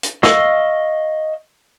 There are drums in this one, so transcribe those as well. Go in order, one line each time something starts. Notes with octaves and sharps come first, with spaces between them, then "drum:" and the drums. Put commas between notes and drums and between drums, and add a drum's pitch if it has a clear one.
drum: hi-hat
D#5 F5 C#6 E6, drum: snare